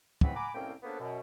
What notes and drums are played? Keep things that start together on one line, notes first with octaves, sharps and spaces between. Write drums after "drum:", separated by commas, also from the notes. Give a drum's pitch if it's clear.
E2 G#2 C#3 C4 B4 F#5, drum: kick
F#5 G#5 A#5 B5 D6
C2 A2 A#3 C4 C#4 G5
C#3 A#3 B3 D4 A4 C5
F#2 B2